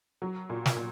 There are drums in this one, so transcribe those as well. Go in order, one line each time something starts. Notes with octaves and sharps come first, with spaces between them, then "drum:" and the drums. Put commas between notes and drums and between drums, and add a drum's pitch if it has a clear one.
F#3
A#2
drum: snare
A#2